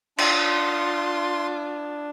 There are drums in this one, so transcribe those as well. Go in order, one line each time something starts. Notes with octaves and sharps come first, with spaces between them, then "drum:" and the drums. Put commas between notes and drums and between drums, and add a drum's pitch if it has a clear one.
D4 F4 C6, drum: cymbal